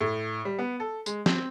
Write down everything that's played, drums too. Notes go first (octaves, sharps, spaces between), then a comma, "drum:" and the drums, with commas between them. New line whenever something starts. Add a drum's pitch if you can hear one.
A2
G3
B3
A4
G#3, drum: tambourine
C4, drum: snare